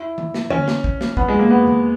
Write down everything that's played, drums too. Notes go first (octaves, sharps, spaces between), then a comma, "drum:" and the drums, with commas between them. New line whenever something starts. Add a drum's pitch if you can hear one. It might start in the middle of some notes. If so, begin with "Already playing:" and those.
Already playing: E4
drum: tom D#3
drum: snare
C#4, drum: tom D3
drum: snare
drum: kick
drum: snare
B3, drum: kick
G#3
A#3
B3
drum: tom D#3